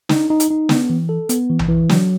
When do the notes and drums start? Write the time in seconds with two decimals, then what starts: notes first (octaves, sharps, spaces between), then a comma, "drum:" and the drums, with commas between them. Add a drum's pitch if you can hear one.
0.09 D#4, drum: snare
0.30 D#4
0.40 drum: hi-hat
0.50 D#4
0.69 B3, drum: snare
0.90 E3
1.09 A4
1.29 B3, drum: hi-hat
1.50 E3
1.59 drum: tom A#1
1.69 E3
1.89 F#3, drum: snare